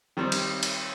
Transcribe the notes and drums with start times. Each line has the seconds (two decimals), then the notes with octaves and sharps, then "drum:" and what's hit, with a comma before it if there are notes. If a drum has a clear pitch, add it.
0.17 D#3 G3 C4 D#4
0.32 drum: cymbal
0.63 drum: cymbal